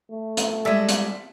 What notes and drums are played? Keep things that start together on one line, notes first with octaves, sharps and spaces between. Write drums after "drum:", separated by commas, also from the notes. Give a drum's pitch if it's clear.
A3
drum: hi-hat
G3 G#3 A4 D5 E5
drum: hi-hat